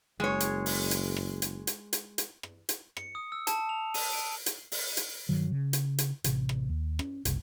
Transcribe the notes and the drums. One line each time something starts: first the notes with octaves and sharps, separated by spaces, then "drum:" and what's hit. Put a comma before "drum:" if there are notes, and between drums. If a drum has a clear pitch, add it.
F#1 G#3 C#5
drum: hi-hat
drum: open hi-hat
drum: hi-hat
drum: rim click
drum: hi-hat
drum: hi-hat
drum: hi-hat
drum: hi-hat
drum: rim click
drum: hi-hat
C#7, drum: rim click
D#6
E6
A5, drum: hi-hat
F7
D#7, drum: open hi-hat
D7
drum: hi-hat
drum: open hi-hat
drum: hi-hat
G2 D#3 F#3
C#3
drum: hi-hat
drum: hi-hat
A1 C3, drum: hi-hat
drum: rim click
D#2
C#4, drum: rim click
F#1 C2, drum: hi-hat